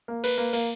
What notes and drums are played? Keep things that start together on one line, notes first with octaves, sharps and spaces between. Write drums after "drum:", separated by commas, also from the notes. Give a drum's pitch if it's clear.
A#3
B4, drum: cymbal
A#3
A#3, drum: cymbal